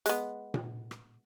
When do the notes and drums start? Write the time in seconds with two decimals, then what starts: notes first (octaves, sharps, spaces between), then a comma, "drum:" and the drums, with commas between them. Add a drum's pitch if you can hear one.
0.06 G#3 B3, drum: hi-hat
0.54 drum: tom A#2
0.91 drum: rim click